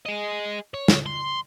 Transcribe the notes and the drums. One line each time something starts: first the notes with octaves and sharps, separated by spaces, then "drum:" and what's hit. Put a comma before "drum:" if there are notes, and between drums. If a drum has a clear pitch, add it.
G#4 D#5
C#5
drum: snare
C6